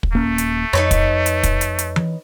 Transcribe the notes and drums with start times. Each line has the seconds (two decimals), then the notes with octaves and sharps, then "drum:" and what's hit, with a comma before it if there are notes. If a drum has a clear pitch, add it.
0.03 drum: kick
0.13 D#1 A3 A#3 C#4
0.38 drum: hi-hat
0.73 F2 D#4 B4 C#5, drum: rim click
0.91 drum: kick, hi-hat
1.26 drum: hi-hat
1.43 drum: kick, hi-hat
1.61 drum: hi-hat
1.79 drum: hi-hat
1.96 drum: tom E3